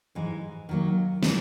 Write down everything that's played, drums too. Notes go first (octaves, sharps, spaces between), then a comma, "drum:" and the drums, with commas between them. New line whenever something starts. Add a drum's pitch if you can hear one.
G#2 E3 G#3
D#3 F#3 A#3
C3 E3, drum: snare